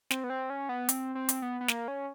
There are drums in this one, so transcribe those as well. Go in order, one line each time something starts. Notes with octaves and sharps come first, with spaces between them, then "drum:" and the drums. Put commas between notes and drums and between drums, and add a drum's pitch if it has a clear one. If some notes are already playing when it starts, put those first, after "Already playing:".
C4, drum: snare
B3
C4
C#4
B3
C4, drum: hi-hat
C4
drum: hi-hat
B3
B3
A#3, drum: snare
C#4